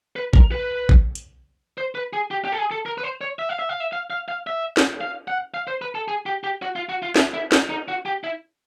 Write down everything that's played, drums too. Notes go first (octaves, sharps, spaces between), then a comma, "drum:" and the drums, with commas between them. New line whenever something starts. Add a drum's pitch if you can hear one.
B4
A#4, drum: kick
B4
drum: kick
drum: hi-hat
C5
B4
G#4
G4
G4
A4
G#4
A4
A#4
B4
C5
C#5
E5
F5
E5
F5
E5
F5
F5
F5
E5
drum: snare
F5
F#5
F5
C5
B4
A4
G#4
G4
G4
F#4
F4
F#4
F4
E4, drum: snare
E4
D#4, drum: snare
D#4
F#4
G4
E4